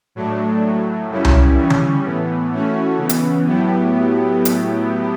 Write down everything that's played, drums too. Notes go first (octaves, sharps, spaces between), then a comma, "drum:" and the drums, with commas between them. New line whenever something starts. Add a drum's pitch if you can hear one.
A2 F#3 A3 D4
A2 F#3 A3
F#2 C#3 G3 C#4 E4
drum: tom C2
C#3 E3 G3 C#4
drum: tom D3
A2 E3 B3
E3 A3 C#4 F#4
C#3 E3 B3
drum: hi-hat
A2 F#3 B3 E4 G4
drum: hi-hat